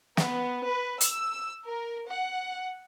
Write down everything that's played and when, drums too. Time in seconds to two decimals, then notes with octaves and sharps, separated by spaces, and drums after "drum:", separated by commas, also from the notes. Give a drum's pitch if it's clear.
0.17 B3, drum: snare
0.67 B4
1.01 E6, drum: hi-hat
1.67 A#4
2.09 F#5